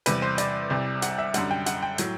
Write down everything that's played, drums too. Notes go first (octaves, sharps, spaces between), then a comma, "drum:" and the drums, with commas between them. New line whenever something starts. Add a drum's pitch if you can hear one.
E2 C3 G3 B4, drum: hi-hat
C5
D5, drum: hi-hat
C2 C3 G3
F#5, drum: hi-hat
E5
F#2 D3 G3 F#5, drum: hi-hat
G5
F#5, drum: hi-hat
G5
A2 F#3, drum: hi-hat